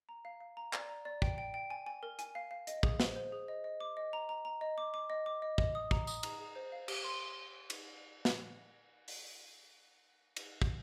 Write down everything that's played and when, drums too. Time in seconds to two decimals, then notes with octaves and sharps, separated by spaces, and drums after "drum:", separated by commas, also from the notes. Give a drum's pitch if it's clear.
0.09 A#5
0.25 F5
0.40 F5
0.57 A#5
0.73 D5, drum: clap
0.89 A#5
1.05 D5
1.22 G5, drum: kick
1.38 G5
1.54 G5
1.70 G#5
1.86 G#5
2.03 A#4
2.19 G#5, drum: hi-hat
2.35 F5
2.51 F5
2.67 D#5, drum: hi-hat
2.83 G#4, drum: kick
3.00 C5, drum: snare
3.16 C5
3.32 G#4
3.48 D#5
3.64 D#5
3.81 D6
3.97 D#5
4.13 A#5
4.29 A#5
4.45 A#5
4.61 D#5
4.78 D6
4.94 D6
5.10 D#5
5.26 D6
5.42 D#5
5.58 D#5, drum: kick
5.75 D#6
5.91 A#5, drum: kick
6.07 D#6, drum: tambourine
6.23 A#5, drum: cymbal
6.39 G#4
6.55 C5
6.72 F5
6.88 G4, drum: cymbal
7.04 C6
7.70 drum: cymbal
8.25 drum: snare
9.08 drum: open hi-hat
10.36 drum: cymbal
10.62 drum: kick